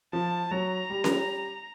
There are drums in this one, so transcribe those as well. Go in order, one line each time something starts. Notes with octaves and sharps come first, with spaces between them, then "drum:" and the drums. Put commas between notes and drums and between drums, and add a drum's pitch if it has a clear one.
F3 A5
F#3 A#5
G3
drum: snare C#4